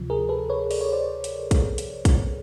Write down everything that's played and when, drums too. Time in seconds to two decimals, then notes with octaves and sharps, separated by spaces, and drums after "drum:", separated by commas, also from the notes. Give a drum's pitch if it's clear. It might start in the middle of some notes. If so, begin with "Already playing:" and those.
Already playing: D2 C3 F3
0.10 G#4 A#4
0.29 A4 B4
0.49 B4 C#5
0.71 D5, drum: open hi-hat
0.81 C#5
0.92 C5 D5
1.24 drum: hi-hat
1.51 drum: kick, hi-hat
1.78 drum: hi-hat
2.05 drum: kick, hi-hat